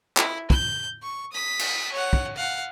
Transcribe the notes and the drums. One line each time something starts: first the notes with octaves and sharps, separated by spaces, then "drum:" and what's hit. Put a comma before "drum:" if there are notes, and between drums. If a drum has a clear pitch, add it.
E4, drum: clap
G6, drum: kick
C#6
D#6 B6
drum: cymbal
C#5 F#5
drum: kick
F5 F#5